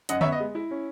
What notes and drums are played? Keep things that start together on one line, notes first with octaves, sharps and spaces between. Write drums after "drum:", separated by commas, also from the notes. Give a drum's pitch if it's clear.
F#2 D#5 F#5, drum: hi-hat
C#5 E5, drum: tom D3
B3
D#5
G#3
E4
C#4